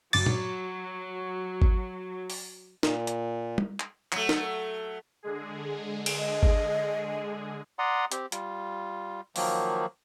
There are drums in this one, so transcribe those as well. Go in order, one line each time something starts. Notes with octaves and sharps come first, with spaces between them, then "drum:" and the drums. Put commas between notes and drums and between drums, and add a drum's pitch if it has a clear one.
G1 F#3 D6 A6, drum: cymbal
drum: tom A#2
drum: kick G#1
drum: open hi-hat
A#2, drum: snare
drum: hi-hat
drum: tom G3
drum: clap
F#3 A3, drum: clap
drum: snare
D3 G#3 G#4
drum: cymbal
D#5
drum: kick G#1
D5 F#5 A#5 C6 D#6
C4 G4, drum: hi-hat
G3 F4, drum: hi-hat
D#3 F3 F#3 A#3, drum: open hi-hat